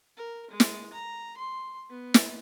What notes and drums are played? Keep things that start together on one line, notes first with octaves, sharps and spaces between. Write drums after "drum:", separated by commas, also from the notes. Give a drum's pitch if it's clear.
A#4
G#3
drum: snare
A#5
C6
B3
drum: snare